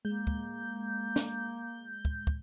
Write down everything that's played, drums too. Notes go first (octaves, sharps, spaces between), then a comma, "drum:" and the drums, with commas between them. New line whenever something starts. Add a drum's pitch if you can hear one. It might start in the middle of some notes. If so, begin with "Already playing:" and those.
G#3 A#3 G6
drum: kick
drum: snare
drum: kick
drum: kick